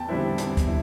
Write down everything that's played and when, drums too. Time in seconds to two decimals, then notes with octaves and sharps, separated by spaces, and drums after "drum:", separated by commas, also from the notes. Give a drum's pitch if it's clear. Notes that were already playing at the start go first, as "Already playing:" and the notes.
Already playing: E2 G5 A5
0.09 D3 G3 C4 E4
0.38 E2, drum: hi-hat
0.57 drum: kick C#2, hi-hat
0.67 E4